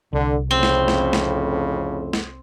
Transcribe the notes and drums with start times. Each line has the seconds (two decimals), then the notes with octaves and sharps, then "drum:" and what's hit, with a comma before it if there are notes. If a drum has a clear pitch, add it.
0.13 C2 D3
0.51 F2 A2 C#3 C4
0.63 drum: snare
0.88 drum: snare
1.13 drum: snare
2.13 drum: snare